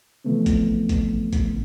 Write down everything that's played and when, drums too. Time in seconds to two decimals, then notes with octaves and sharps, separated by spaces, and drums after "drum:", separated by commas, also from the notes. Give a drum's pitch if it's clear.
0.25 C#3 E3 F3 A3 B3 C4
0.46 drum: kick, hi-hat
0.89 drum: kick, hi-hat
1.33 drum: kick, hi-hat